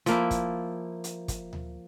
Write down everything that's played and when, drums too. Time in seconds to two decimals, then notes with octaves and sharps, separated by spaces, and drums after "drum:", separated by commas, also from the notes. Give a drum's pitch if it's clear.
0.06 F3 A#3 E4, drum: hi-hat
0.31 drum: kick, hi-hat
1.04 drum: hi-hat
1.28 drum: kick, hi-hat
1.53 drum: tom D2